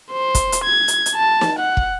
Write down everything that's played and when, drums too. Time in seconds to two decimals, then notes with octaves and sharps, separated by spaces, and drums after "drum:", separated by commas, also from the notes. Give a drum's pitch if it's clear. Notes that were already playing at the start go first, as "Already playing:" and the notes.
0.12 C5
0.35 drum: kick, hi-hat
0.52 drum: hi-hat
0.64 G#6
0.88 drum: hi-hat
1.06 drum: hi-hat
1.15 A5
1.41 drum: snare
1.59 F#5
1.77 drum: kick